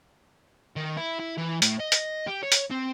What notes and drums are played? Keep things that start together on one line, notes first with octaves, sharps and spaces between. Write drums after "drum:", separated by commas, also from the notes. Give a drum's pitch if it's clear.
D#3
E4
E4
E3
A2, drum: hi-hat
D#5
drum: hi-hat
G4
C#5
drum: hi-hat
C4